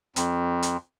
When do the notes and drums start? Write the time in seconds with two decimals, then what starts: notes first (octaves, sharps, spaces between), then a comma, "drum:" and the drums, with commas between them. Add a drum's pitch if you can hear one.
0.16 F2, drum: hi-hat
0.63 drum: hi-hat